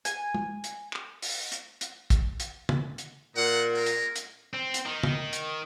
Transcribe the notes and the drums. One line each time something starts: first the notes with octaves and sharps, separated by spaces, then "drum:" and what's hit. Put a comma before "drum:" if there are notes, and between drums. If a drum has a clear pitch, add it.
G#5, drum: hi-hat
drum: tom
drum: hi-hat
drum: clap
drum: open hi-hat
drum: hi-hat
drum: hi-hat
drum: kick, hi-hat
drum: hi-hat
drum: tom
drum: hi-hat
A#2 D#4 F#5
G#3 A#4
drum: hi-hat
drum: hi-hat
C4
drum: hi-hat
D#3
drum: tom
drum: hi-hat